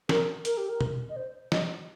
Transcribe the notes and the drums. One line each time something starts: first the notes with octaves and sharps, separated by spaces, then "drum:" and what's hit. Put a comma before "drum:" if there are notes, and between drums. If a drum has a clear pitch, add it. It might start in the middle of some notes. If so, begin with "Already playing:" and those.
A#4, drum: snare
A#4, drum: hi-hat
G4
A#4
drum: tom
D#5
C5
D#5, drum: snare